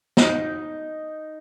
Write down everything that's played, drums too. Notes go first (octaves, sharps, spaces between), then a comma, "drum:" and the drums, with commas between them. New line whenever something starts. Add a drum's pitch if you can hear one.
D#4, drum: snare